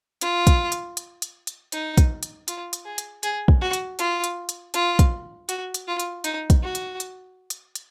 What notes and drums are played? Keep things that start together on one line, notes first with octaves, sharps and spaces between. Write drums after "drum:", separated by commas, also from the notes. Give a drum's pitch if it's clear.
F4, drum: hi-hat
drum: kick, hi-hat
drum: hi-hat
drum: hi-hat
drum: hi-hat
drum: hi-hat
D#4, drum: hi-hat
drum: kick, hi-hat
drum: hi-hat
F4, drum: hi-hat
drum: hi-hat
G#4
drum: hi-hat
G#4, drum: hi-hat
drum: kick
F#4
drum: hi-hat
F4, drum: hi-hat
drum: hi-hat
drum: hi-hat
F4, drum: hi-hat
drum: kick, hi-hat
F#4, drum: hi-hat
drum: hi-hat
F4
drum: hi-hat
D#4, drum: hi-hat
drum: kick, hi-hat
F#4
drum: hi-hat
drum: hi-hat
drum: hi-hat
drum: hi-hat